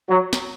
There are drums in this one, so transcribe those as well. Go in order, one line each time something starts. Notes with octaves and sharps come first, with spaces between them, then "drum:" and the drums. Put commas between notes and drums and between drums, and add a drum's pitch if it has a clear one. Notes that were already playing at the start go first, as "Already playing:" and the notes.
F#3
drum: snare